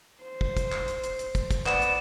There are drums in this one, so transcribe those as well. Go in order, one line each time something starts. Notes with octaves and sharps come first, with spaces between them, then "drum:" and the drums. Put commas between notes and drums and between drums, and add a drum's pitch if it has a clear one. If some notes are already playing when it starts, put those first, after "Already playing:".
C5
drum: kick
drum: kick, hi-hat
drum: clap
drum: hi-hat
drum: hi-hat
drum: hi-hat
drum: kick, hi-hat
drum: kick, hi-hat
B3 D5 E7, drum: clap
drum: hi-hat